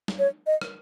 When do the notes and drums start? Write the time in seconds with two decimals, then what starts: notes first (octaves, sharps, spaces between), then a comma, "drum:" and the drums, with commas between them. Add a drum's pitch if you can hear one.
0.08 drum: snare
0.19 C#5
0.47 D#5
0.61 drum: rim click